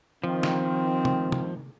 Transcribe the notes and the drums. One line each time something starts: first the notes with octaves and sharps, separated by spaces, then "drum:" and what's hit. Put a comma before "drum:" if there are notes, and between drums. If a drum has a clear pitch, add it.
D#3 F3 C4
drum: snare
drum: tom
drum: tom